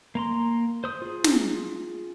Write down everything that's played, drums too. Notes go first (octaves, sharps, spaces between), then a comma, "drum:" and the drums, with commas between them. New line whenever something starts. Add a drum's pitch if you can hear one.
A#3 A#5 C6
C5 D#6
F4 G#4
drum: snare